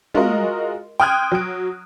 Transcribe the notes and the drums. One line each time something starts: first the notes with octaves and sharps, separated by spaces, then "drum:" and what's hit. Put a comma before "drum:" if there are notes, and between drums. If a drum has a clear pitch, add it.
G#3 F4 F#4 A#4 D#5, drum: tom
G5 C6 D#6 F6 F#6 G#6
F#3 D7